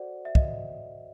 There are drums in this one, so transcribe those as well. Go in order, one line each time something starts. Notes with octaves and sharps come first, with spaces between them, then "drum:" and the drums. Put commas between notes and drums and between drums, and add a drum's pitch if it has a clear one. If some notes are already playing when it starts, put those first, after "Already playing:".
Already playing: F#4 A4 C5 D5 F#5
E5
D#5, drum: kick